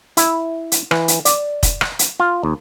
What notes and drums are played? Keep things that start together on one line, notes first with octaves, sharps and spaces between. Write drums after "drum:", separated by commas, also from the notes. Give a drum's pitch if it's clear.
E4, drum: hi-hat
drum: hi-hat
E3, drum: rim click
drum: hi-hat
D5, drum: hi-hat
drum: kick, hi-hat
drum: rim click
drum: hi-hat
F4
D#2